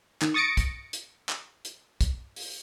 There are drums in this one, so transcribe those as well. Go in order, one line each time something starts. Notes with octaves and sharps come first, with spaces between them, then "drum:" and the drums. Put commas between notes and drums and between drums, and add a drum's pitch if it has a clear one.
D#3, drum: clap
C#6 D#6 A6 A#6 C#7 D7
drum: kick, hi-hat
drum: hi-hat
drum: clap
drum: hi-hat
drum: kick, hi-hat
drum: open hi-hat